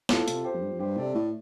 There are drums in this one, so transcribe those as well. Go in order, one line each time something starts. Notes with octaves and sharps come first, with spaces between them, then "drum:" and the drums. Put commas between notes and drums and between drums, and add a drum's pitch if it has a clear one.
A2 F4 A4, drum: snare
C3, drum: hi-hat
G4 C5
F2
G2
F2
G2 G4 C5
C3 A4 D5
A2